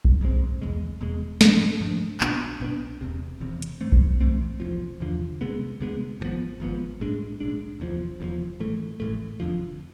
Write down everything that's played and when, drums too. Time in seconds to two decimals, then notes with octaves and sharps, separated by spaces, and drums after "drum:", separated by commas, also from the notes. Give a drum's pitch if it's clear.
0.05 drum: kick B1
0.21 A1 G#2 G#3 C4
0.61 F1 E2 B2 G#3
1.01 F1 E2 B2 G#3
1.41 G#2 F3 A3 D4, drum: snare
1.81 G#2 F3 A3 D4
2.20 B1 B2 B3 D4, drum: clap
2.60 B1 B2 B3 D4
3.01 E1 E2 C3
3.41 E1 E2 C3
3.62 drum: hi-hat
3.81 G#2 E3 A3 C4
3.92 drum: kick B1
4.21 G#2 E3 A3 C4
4.60 F1 E2 D3 F3
5.00 F1 E2 D3 F3
5.41 D2 C3 G#3 B3
5.81 D2 C3 G#3 B3
6.20 G#1 G#2 F3 B3
6.60 G#1 G#2 F3 B3
7.00 B1 A2 G#3 D4
7.40 B1 A2 G#3 D4
7.80 F1 E2 C3 F3
8.20 F1 E2 C3 F3
8.60 A1 A2 E3 A3
9.00 A1 A2 E3 A3
9.40 F1 F2 D3 F3